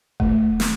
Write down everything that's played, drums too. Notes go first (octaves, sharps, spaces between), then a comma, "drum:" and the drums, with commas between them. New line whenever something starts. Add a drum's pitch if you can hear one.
A3, drum: kick E1
drum: snare